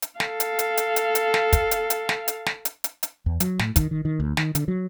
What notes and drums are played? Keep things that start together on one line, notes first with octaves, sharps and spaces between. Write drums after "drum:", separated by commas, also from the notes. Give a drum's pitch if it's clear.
drum: hi-hat
A4 F5, drum: snare
drum: hi-hat
drum: hi-hat
drum: hi-hat
drum: hi-hat
drum: hi-hat
drum: snare
drum: kick, hi-hat
drum: hi-hat
drum: hi-hat
drum: snare
drum: hi-hat
drum: snare
drum: hi-hat
drum: hi-hat
drum: hi-hat
E2
F#3, drum: hi-hat
A2, drum: snare
D#3, drum: kick, hi-hat
D#3
D#3
D2
D#3, drum: snare
D3, drum: hi-hat
F#3